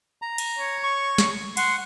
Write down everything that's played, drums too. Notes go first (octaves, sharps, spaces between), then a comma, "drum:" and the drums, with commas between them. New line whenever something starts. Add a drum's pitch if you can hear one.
A#5
drum: cymbal
C#5
C#6
drum: snare
F#5 C6, drum: cymbal